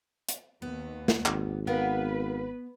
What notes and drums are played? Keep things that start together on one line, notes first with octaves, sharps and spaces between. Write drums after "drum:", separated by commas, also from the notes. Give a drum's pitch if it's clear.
drum: hi-hat
D#2 B3
drum: snare
G#1, drum: clap
B3 A#4 B4 F5 G5